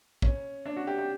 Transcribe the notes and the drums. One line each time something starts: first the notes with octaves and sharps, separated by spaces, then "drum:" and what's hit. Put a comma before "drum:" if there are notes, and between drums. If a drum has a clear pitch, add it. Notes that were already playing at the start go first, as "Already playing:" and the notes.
C#4, drum: kick
D4
F#4
G4
G4